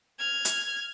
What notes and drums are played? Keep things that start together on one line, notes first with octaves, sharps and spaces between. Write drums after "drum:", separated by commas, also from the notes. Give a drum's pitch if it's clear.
F6 G#6
drum: hi-hat